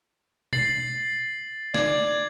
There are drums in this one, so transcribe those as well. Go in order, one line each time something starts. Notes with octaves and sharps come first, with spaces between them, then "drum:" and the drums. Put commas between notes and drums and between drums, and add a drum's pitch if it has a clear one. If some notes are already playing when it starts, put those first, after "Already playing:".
A6 C7 F#7, drum: tom B2
D5 G#6, drum: snare